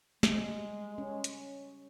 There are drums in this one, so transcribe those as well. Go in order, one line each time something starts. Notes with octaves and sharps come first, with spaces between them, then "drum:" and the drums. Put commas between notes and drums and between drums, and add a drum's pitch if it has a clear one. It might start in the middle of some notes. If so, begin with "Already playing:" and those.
G3 G#3, drum: snare
C#4
drum: hi-hat